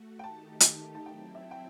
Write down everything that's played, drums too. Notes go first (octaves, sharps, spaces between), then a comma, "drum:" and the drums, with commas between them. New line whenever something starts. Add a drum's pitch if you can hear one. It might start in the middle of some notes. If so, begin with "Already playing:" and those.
Already playing: A3 F#4
G5
D#3 A3 D#4 G4 A5
drum: hi-hat
A5
F#3 C4 E4 G5
E5
G5